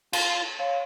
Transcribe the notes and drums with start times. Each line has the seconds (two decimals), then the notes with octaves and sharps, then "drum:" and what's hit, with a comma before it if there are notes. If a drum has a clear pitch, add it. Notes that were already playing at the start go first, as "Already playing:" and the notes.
0.13 F4, drum: cymbal
0.59 C#5 F5